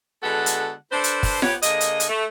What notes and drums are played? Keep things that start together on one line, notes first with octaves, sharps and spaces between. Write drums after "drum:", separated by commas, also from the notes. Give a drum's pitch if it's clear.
D3 G#3 B3 F#4 A4 F#5
drum: hi-hat
D4 A4 B4 C5
drum: hi-hat
drum: kick, open hi-hat
B3 G4 C#5, drum: snare F4
D3 A#3 G#4 D#5, drum: hi-hat
drum: hi-hat
drum: hi-hat
A3